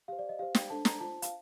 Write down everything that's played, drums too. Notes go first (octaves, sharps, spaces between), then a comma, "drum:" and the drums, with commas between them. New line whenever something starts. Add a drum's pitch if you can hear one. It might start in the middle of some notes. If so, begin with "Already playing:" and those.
G4 C5 F5
D5
D#5
G4 C5 F5
G5, drum: snare
D4 A4 C5 A5
A#5, drum: snare
F4 C5 A5
F5, drum: hi-hat